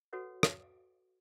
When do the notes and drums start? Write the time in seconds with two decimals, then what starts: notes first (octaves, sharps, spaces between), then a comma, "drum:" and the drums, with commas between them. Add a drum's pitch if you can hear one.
0.13 F#4 A4 B4 C#5 F#5
0.43 drum: rim click